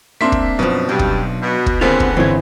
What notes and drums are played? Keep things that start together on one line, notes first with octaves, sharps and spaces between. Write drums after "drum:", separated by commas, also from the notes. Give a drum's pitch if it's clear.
A#3 C4 D4 E5 C6 B6
drum: kick
F#2 B2 F3 B4
B1 G2
drum: kick
B2
drum: kick
D#2 D3 G#3 B3 C4 F4 A#4
drum: kick
G1 E3 C4 C#5